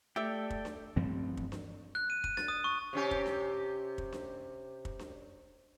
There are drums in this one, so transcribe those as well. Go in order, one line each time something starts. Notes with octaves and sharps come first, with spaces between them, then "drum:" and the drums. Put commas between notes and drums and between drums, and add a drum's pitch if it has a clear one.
A3 G4 A4 D5 E5 G5
drum: kick
drum: snare D4
A1 G2 F3 C4
drum: kick
drum: snare D4
F#6
D#7
D#7, drum: kick
A6, drum: snare D4
D#6
C#6
C3 C#4 G4
drum: kick
drum: snare D4
drum: kick
drum: snare D4
drum: kick
drum: snare D4